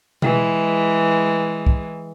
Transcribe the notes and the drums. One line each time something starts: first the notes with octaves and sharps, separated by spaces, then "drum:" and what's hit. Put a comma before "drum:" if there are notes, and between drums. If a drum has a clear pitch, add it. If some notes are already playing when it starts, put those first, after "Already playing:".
E3 G#3, drum: tom B2
drum: kick